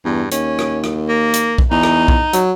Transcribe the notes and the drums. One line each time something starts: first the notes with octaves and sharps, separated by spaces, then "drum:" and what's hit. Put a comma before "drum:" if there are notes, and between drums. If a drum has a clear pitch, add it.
E2 G2
D#2 C#4, drum: hi-hat
drum: rim click
drum: rim click
A#3
drum: hi-hat
drum: kick B1
E2 D#4
drum: rim click
drum: kick B1
F#3, drum: hi-hat